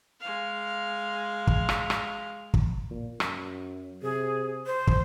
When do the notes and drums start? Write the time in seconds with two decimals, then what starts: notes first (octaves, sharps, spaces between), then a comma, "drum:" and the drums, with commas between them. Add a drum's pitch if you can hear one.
0.20 G#3 F5
1.47 drum: kick
1.69 drum: rim click
1.90 drum: rim click
2.54 drum: kick
2.91 A#2
3.20 F#2, drum: rim click
4.02 C3 G#4
4.67 C5
4.87 drum: kick